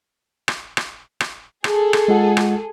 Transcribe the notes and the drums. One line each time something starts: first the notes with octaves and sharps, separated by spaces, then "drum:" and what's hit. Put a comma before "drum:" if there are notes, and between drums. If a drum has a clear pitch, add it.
drum: rim click
drum: rim click
drum: rim click
G#4 A4, drum: rim click
drum: rim click
G#3 F4 F#5
drum: rim click